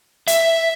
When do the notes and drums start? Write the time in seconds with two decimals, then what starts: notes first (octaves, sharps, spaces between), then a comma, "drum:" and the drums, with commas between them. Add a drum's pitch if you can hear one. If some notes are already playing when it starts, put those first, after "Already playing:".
0.28 E5, drum: hi-hat